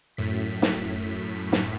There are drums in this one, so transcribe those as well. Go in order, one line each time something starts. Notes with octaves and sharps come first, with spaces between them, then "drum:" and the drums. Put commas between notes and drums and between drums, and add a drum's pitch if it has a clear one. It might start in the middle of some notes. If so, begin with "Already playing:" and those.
F#2 A2 B6
drum: snare
drum: snare